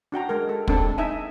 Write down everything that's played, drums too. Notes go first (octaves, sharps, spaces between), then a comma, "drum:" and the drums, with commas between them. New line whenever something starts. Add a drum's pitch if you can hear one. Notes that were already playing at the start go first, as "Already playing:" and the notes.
D4 F#4 G5 A#5
G#3 A#4
A4
G#3 C4 D4 A4, drum: kick
D#4 E5 G#5